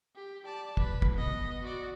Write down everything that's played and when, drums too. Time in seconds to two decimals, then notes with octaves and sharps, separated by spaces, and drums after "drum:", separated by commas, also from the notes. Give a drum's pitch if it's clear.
0.16 G4
0.46 D5 A5
0.77 B4, drum: kick
1.02 drum: kick
1.15 B3 D#5
1.63 F#4 D5